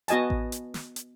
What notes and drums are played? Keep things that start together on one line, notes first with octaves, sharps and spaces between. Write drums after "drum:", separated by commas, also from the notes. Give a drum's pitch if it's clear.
B3 F#4 D#5 G#5 A5, drum: hi-hat
drum: kick A1
drum: hi-hat
drum: snare
drum: hi-hat